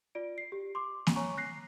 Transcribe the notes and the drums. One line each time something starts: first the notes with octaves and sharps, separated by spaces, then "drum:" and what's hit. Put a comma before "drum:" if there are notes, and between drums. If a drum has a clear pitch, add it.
F4 D5 D7
C7
G4
C6 D6
drum: snare A#3
C#5 G#5 A#5 C#6
F#6 A#6 C7